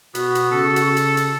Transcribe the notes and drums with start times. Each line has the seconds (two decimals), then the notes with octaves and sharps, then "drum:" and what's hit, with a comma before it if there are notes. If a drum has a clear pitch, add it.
0.15 B2 B3 F#4, drum: hi-hat
0.35 drum: hi-hat
0.51 C#3 A4
0.76 drum: hi-hat
0.97 drum: hi-hat
1.17 drum: hi-hat